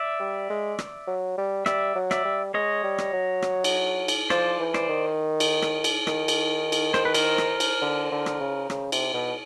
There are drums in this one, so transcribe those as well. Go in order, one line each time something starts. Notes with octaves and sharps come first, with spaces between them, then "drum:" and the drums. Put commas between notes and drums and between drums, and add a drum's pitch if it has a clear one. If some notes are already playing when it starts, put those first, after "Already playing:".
Already playing: D5 E5
G3
G#3
drum: rim click
F#3
G3
G3 D5 E5, drum: rim click
F#3
D5 E5, drum: rim click
G3
G#3 C#5 D#5
G3
drum: rim click
F#3
drum: rim click
drum: cymbal
drum: cymbal
F3 C5 D5, drum: rim click
E3
C5 D5, drum: rim click
D#3
drum: cymbal
drum: rim click
drum: cymbal
D#3, drum: rim click
drum: cymbal
drum: cymbal
C5, drum: rim click
B4
A#4 C5, drum: cymbal
drum: rim click
drum: cymbal
D3
D3
drum: rim click
C#3
C#3, drum: rim click
C3, drum: cymbal
B2